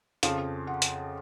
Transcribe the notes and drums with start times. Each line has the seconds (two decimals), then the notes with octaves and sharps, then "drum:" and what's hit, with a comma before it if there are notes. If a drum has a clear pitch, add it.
0.23 F2 C#3 F3 F5, drum: hi-hat
0.67 F#5
0.82 drum: hi-hat